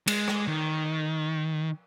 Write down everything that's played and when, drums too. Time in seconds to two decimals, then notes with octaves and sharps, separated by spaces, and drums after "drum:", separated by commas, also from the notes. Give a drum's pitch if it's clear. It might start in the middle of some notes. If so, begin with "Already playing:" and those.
0.08 G#3, drum: cymbal
0.28 drum: rim click
0.48 D#3